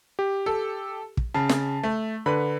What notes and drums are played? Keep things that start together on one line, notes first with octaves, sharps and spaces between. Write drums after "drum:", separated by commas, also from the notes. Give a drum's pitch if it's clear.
G4
A4
drum: kick
C#3 A5
drum: snare
A3
D3 B4 B5